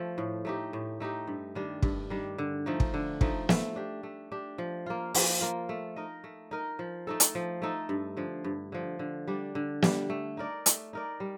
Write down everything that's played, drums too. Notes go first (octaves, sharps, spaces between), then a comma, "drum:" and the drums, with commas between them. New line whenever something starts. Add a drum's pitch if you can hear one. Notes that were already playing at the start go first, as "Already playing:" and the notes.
Already playing: F3 A3
A2
A3 D#4 G4
A2
A3 D#4 G4
G2
D#3 G3 D4
G2, drum: kick
D#3 G3 D4
D3
F3 A3 D#4
drum: kick
D3
F3 A3 D#4, drum: kick
A3, drum: snare
D4 G4
A3
D4 G4
F3
A#3 F4
F3, drum: open hi-hat
A#3 F4
A3
D#4 A#4 D#5
A3
D#4 A#4 D#5
F3
A3 D#4 A4
drum: hi-hat
F3
A3 D#4 A4
G2
D3 F3
G2
D3 F3
D3
G3 D4
D3
G3 D4, drum: snare
A3
D#4 A#4 D5
A3, drum: hi-hat
D#4 A#4 D5
G3